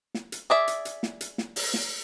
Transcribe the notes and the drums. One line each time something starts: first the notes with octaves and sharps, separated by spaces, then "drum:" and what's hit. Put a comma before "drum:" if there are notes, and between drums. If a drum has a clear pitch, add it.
drum: snare
drum: hi-hat
G#4 D5 E5
drum: hi-hat
drum: hi-hat
drum: snare
drum: hi-hat
drum: snare
drum: open hi-hat
drum: snare